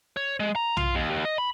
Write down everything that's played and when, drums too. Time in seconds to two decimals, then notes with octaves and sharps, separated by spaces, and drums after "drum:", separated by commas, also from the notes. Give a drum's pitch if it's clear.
0.17 C#5
0.40 G#3
0.56 A#5
0.77 F4, drum: tom B1
0.95 D#2
1.11 D#2
1.25 D#5
1.38 B5